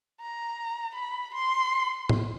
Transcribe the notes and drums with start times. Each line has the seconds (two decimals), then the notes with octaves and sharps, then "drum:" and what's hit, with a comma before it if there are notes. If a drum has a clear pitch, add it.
0.21 A#5
0.95 B5
1.34 C6
2.09 drum: tom A2